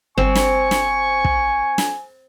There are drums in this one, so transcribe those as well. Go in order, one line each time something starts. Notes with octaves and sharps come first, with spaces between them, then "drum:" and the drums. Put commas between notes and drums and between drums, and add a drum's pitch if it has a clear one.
G1 C4 G#5 C#6
drum: snare
drum: snare
drum: kick
drum: snare